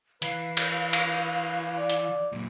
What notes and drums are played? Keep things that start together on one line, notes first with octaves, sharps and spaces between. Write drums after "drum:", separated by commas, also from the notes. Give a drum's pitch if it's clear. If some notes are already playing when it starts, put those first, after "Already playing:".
E3 B4 F5 C7, drum: hi-hat
drum: cymbal
drum: cymbal
D5
drum: hi-hat
F#2 A#2